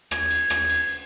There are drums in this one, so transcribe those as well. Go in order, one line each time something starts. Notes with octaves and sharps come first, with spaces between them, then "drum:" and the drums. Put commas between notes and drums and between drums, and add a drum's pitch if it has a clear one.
G#6, drum: rim click
drum: cymbal
drum: rim click
drum: cymbal